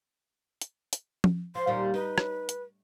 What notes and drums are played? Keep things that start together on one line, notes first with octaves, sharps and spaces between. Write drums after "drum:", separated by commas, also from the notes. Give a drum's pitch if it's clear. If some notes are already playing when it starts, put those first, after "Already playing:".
drum: hi-hat
drum: hi-hat
drum: tom F3
F3 C6
D#2 A#2 G3
D#4 B4
drum: rim click
drum: hi-hat